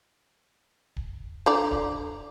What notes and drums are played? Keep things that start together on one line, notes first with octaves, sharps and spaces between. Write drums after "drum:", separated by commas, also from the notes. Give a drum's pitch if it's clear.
drum: kick D1
D3 D5 A#5
drum: kick D1